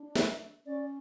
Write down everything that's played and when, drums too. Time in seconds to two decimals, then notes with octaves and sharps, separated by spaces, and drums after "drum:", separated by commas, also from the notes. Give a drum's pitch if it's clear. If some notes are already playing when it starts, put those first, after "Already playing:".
Already playing: D4
0.15 E5, drum: snare
0.66 C#4 D5